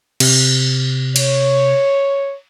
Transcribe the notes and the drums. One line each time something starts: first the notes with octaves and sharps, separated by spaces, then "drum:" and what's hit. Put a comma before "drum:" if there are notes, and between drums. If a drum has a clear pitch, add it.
C3, drum: cymbal
C#5, drum: cymbal